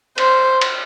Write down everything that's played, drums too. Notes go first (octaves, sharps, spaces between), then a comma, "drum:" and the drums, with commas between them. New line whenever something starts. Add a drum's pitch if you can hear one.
C5, drum: cymbal
drum: cymbal